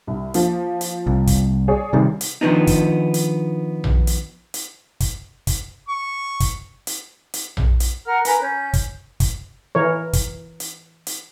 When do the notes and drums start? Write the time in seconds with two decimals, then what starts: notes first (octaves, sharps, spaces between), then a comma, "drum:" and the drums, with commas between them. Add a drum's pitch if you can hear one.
0.07 C2
0.34 F3 A#3, drum: hi-hat
0.81 drum: hi-hat
1.07 C2
1.27 drum: kick, hi-hat
1.68 G#4 C#5 D5
1.93 C3 D#3 G3
2.21 drum: hi-hat
2.41 D#3 F3 B3 D4 D#4
2.67 drum: kick, hi-hat
3.14 drum: hi-hat
3.84 drum: tom A#1
4.07 drum: hi-hat
4.54 drum: hi-hat
5.00 drum: kick, hi-hat
5.47 drum: kick, hi-hat
5.89 C#6
6.40 drum: kick, hi-hat
6.87 drum: hi-hat
7.34 drum: hi-hat
7.57 drum: tom A#1
7.80 drum: hi-hat
8.05 A#4 F#5 A#5 F6
8.25 A#4 B4 G#5 A#5, drum: hi-hat
8.40 C#4 G6
8.73 drum: kick, hi-hat
9.20 drum: kick, hi-hat
9.75 E3 A#4 C#5
10.13 drum: kick, hi-hat
10.60 drum: hi-hat
11.07 drum: hi-hat